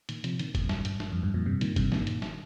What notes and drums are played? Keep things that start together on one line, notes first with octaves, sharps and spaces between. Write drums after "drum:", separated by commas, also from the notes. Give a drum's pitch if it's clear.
A#2 D#3, drum: hi-hat
C3 F3, drum: hi-hat
A#2 D#3, drum: hi-hat
F2 A#2, drum: kick, hi-hat
G2, drum: snare
G2, drum: hi-hat
G2, drum: snare
F2
G2
F2 A#2
G2 C3
A#2 D#3, drum: hi-hat
G2 C3, drum: kick, hi-hat
A#2 D#3, drum: snare
drum: hi-hat
drum: snare